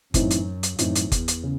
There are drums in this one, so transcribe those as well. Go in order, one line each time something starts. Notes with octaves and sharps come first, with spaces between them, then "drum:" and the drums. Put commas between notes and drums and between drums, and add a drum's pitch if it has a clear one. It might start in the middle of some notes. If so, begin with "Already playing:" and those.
F#2 A2 E3 C4 D#4, drum: kick, hi-hat
drum: hi-hat
drum: hi-hat
F#2 A2 E3 C4 D#4, drum: hi-hat
drum: hi-hat
E2, drum: kick, hi-hat
drum: hi-hat
C#3